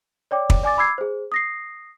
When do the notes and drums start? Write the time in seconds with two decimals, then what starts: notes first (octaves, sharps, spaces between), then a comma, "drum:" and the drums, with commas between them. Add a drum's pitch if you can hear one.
0.31 C#5 D5 G5 D6
0.50 drum: kick
0.63 D5 G#5 D6 A6
0.78 B5 D6 E6 G#6 C7
0.98 G#4 C5
1.32 D#6 A#6 C7